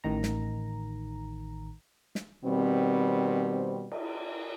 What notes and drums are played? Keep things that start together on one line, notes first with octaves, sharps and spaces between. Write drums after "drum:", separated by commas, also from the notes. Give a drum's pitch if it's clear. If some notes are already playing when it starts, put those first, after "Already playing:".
A1 D#3 A#5
drum: snare
drum: snare
B2 D#3 G3 C4
drum: cymbal